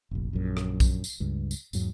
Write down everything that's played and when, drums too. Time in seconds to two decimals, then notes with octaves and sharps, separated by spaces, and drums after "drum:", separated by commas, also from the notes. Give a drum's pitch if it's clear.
0.11 F1 A#1
0.33 A#1 F#2
0.57 drum: rim click
0.80 drum: kick, tambourine
1.04 drum: tambourine
1.20 C#2 G2
1.51 drum: tambourine
1.73 E2 G#2 F#3, drum: tambourine